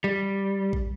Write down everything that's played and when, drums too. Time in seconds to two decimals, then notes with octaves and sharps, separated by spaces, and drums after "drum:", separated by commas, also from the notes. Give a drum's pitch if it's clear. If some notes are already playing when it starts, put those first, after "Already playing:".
0.04 G3
0.73 drum: kick